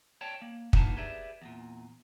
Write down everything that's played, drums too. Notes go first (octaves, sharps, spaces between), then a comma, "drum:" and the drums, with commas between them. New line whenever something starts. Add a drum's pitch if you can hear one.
C#5 D5 G5 A5
A#3
A#3 B3 D4 D#4 F4 A5, drum: kick
G4 G#4 B4 D5 E5
E2 A#2